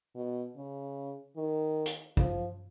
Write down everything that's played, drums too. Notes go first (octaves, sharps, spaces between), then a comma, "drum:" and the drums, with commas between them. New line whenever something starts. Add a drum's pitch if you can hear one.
B2
C#3
D#3
drum: hi-hat
F3, drum: kick